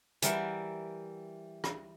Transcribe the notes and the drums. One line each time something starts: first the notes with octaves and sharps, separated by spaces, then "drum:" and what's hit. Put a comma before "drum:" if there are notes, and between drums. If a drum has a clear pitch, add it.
E3 G3 A#4 E5 F#5 G5, drum: hi-hat
drum: rim click